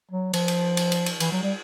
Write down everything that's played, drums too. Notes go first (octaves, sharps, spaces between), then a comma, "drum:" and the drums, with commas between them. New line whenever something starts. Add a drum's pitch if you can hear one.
F#3
F3, drum: cymbal
drum: cymbal
drum: cymbal
drum: cymbal
drum: cymbal
E3, drum: cymbal
F#3
G3